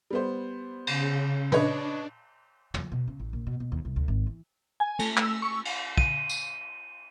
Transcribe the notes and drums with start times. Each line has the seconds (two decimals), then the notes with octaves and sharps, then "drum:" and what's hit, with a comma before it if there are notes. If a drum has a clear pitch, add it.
0.10 G3 B3 C5
0.87 C#3, drum: cymbal
1.52 D4 B4 C#5 D#5, drum: tom
2.74 F3, drum: tom
2.92 B2
3.07 C#3
3.19 A1
3.33 A#1
3.47 B2
3.60 B2
3.72 D#2
3.85 C2
3.96 D2
4.08 G#1
4.27 E3
4.80 G#5
4.99 A3, drum: cymbal
5.17 E6, drum: clap
5.42 C#6
5.65 drum: cymbal
5.97 D#7, drum: kick
6.29 drum: tambourine